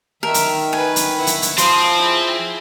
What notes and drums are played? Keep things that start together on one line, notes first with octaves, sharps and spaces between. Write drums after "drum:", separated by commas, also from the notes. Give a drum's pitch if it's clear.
D#3 A#4 E5
drum: hi-hat
B4 G#5
drum: hi-hat
E4 F#5
drum: hi-hat
drum: hi-hat
F3 C4 C5 F5 B5 C6 D#6, drum: hi-hat
E4 G#4